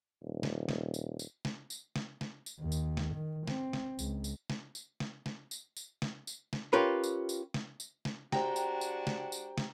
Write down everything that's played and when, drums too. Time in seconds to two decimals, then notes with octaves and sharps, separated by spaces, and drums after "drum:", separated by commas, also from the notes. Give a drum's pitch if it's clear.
0.22 D#1
0.43 drum: snare
0.69 drum: snare
0.94 drum: tambourine
1.19 drum: tambourine
1.45 drum: snare
1.70 drum: tambourine
1.96 drum: snare
2.21 drum: snare
2.46 drum: tambourine
2.60 D#2
2.72 drum: tambourine
2.97 drum: snare
3.15 D#3
3.47 C4, drum: snare
3.73 drum: snare
3.99 C#2, drum: tambourine
4.24 drum: tambourine
4.50 drum: snare
4.75 drum: tambourine
5.00 drum: snare
5.26 drum: snare
5.51 drum: tambourine
5.77 drum: tambourine
6.02 drum: snare
6.27 drum: tambourine
6.53 drum: snare
6.73 C#4 F4 G4 A#4 B4
7.04 drum: tambourine
7.29 drum: tambourine
7.54 drum: snare
7.80 drum: tambourine
8.05 drum: snare
8.32 G#3 D4 F#4 G4 C5 G5 A#5, drum: snare
8.56 drum: tambourine
8.81 drum: tambourine
9.07 drum: snare
9.32 drum: tambourine
9.58 drum: snare